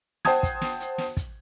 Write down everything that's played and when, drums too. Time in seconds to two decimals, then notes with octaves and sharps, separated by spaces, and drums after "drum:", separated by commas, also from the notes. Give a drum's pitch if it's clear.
0.25 C5 F#5 G5 A5 D#6 G#6, drum: snare
0.43 drum: kick, hi-hat
0.61 drum: snare
0.80 drum: hi-hat
0.98 drum: snare
1.17 drum: kick, hi-hat